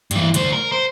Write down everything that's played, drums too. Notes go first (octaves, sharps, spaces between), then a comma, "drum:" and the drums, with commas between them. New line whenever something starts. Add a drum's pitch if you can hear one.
G2 E3, drum: hi-hat
D2 C5, drum: hi-hat
A#4
C5